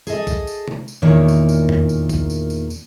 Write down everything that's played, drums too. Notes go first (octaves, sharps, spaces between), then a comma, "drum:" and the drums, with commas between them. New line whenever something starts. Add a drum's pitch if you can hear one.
G#4 A4 D#5, drum: tambourine
drum: kick, tambourine
drum: tambourine
drum: tom
drum: tambourine
E2 A#2 D#3 A#3 C#5
drum: tambourine
drum: tambourine
drum: tom F2
drum: tambourine
drum: kick, tambourine
drum: tambourine
drum: tambourine
drum: tambourine